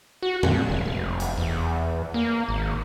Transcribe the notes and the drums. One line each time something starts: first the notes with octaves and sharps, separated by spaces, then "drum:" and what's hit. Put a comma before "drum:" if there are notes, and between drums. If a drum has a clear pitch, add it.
F#4
A#2, drum: tom
F1
F1
drum: hi-hat
E2
A#3
G#1